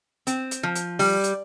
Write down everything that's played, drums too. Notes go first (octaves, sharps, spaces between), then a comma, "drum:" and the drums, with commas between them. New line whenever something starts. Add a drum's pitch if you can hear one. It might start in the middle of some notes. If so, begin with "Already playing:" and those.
C4, drum: hi-hat
drum: hi-hat
F3
drum: hi-hat
G3, drum: open hi-hat
drum: hi-hat